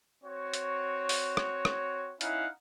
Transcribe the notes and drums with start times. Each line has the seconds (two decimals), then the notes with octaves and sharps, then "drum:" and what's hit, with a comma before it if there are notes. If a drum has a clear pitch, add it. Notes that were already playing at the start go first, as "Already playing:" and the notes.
0.24 C4 F#4 C#5
0.54 drum: hi-hat
1.09 drum: open hi-hat
1.37 drum: rim click
1.65 drum: rim click
2.21 C#4 D#4 E4 F5 F#5, drum: hi-hat